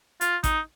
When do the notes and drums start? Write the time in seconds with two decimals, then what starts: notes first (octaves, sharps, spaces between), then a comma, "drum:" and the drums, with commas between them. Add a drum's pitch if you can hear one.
0.21 F4, drum: hi-hat
0.44 D#4, drum: kick A1, hi-hat